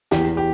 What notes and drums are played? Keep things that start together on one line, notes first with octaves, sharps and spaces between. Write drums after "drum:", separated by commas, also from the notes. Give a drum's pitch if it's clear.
E2 G4, drum: snare
G4